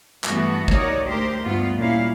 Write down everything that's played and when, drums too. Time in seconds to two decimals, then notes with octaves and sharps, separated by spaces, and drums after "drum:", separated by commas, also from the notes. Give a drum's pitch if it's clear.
0.24 G2 E3 A3 B3 F#4, drum: clap
0.68 D#2 D#4 F#4 A#4 C#5 D5, drum: kick
1.05 D2 G4 A#4 C5
1.44 D2 G2 B3 F4
1.76 A#2 G3 C#4 E4 F5